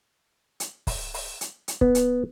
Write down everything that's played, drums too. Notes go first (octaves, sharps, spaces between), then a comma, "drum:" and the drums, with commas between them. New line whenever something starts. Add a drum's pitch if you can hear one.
drum: hi-hat
drum: kick, open hi-hat
drum: open hi-hat
drum: hi-hat
drum: hi-hat
B3, drum: kick
drum: hi-hat